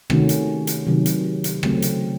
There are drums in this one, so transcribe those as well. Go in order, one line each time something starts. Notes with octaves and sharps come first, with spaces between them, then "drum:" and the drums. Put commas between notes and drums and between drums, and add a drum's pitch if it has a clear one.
C3 D#3 A3 C#4 F#4, drum: rim click
drum: hi-hat
drum: hi-hat
C3 D#3 F#3
drum: hi-hat
drum: hi-hat
C#3 F#3 A3 C4, drum: rim click
drum: hi-hat